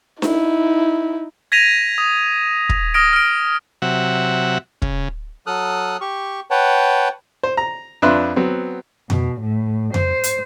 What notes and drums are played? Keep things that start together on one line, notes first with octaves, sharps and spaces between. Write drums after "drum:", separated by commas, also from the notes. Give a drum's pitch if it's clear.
D#4 E4, drum: snare D4
G#6 A#6 B6 D#7 F7
D#6
drum: kick
D#6 F6 A#6 D7
F6 D7
C3 F#3 E5 F#5
C#3, drum: kick
F#3 A4 D#6 F6 F#6
G4 C#6
B4 C#5 F#5 G5 A5
C5
A#5
F2 D4 B4 E5 C6 F#6
F#3 B3 C4
B2, drum: tom F2
A2
C5, drum: tom F2
drum: hi-hat